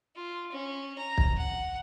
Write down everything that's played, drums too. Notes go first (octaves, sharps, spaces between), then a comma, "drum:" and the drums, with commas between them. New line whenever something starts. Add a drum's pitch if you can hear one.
F4
C#4
A#5
drum: kick
F#5